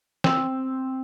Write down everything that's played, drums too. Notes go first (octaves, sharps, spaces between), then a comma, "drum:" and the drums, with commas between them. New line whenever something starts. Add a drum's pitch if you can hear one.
C4, drum: snare